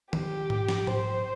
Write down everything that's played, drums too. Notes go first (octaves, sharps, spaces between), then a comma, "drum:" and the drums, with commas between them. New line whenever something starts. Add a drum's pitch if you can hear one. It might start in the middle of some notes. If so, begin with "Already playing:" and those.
G4, drum: tom D#3
drum: tom G#2
drum: snare
C5, drum: tom G#2